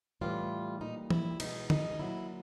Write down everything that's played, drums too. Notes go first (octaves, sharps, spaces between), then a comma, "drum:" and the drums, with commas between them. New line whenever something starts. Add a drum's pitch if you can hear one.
A2 E3 G3 F4
A#2 G3 D#4
E4, drum: tom E3
B2 G#3 D#4, drum: cymbal
D#4, drum: tom D3
A#2 F#3 E4